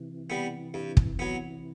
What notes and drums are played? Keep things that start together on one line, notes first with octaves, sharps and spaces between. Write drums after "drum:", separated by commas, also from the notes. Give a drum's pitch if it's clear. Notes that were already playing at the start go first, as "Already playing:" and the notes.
Already playing: C3 E3
G3 B3
G2
drum: kick
F#3 B3